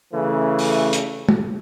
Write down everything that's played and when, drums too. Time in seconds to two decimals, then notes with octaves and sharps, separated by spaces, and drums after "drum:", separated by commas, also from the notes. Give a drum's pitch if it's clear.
0.13 C#3 E3 A3
0.59 drum: open hi-hat
0.93 drum: hi-hat
1.29 drum: tom